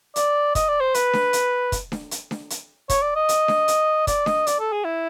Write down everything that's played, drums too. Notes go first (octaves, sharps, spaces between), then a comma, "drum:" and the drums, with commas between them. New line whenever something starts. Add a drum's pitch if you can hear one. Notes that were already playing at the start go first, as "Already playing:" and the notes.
D5, drum: hi-hat
D#5, drum: kick, hi-hat
D5
C5
B4, drum: hi-hat
drum: snare D4
drum: hi-hat
drum: kick, hi-hat
drum: snare D4
drum: hi-hat
drum: snare D4
drum: hi-hat
C#5, drum: kick, hi-hat
D5
D#5
drum: hi-hat
drum: snare D4
drum: hi-hat
D5, drum: kick, hi-hat
D#5, drum: snare D4
D5, drum: hi-hat
A4
G#4
E4